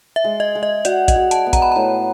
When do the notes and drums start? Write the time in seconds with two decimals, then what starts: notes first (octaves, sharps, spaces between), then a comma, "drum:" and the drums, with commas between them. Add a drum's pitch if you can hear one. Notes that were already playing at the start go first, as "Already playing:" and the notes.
0.16 E5
0.24 G#3
0.40 D#5
0.55 G#3
0.63 D#5
0.85 F#4 D5, drum: hi-hat
1.08 D#5, drum: kick, hi-hat
1.16 F#4
1.31 A5, drum: hi-hat
1.46 B3
1.53 A#5, drum: kick, hi-hat
1.62 B5
1.72 A2 A#5